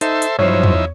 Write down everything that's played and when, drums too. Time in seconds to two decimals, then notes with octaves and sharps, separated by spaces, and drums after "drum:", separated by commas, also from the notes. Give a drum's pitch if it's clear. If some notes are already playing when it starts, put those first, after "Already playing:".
0.01 D#4 A4 C5 E5, drum: hi-hat
0.22 drum: hi-hat
0.39 G2 F3 F#3 D#4 E4 C5 C#5
0.63 drum: tom E2